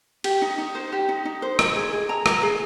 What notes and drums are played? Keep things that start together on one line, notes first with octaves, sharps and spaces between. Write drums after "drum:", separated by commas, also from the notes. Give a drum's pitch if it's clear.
G4, drum: cymbal
D#4
D#4
C5
G4
D#4
D#4
C5
D#5, drum: rim click
G#4
G#4
A#5
D#5, drum: rim click
G#4